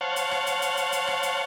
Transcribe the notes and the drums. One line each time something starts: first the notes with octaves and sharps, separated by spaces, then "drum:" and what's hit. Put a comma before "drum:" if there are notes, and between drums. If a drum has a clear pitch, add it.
C5 C#5 F5 F#5 A5
drum: hi-hat
drum: rim click
drum: hi-hat
drum: hi-hat
drum: hi-hat
drum: hi-hat
drum: rim click
drum: hi-hat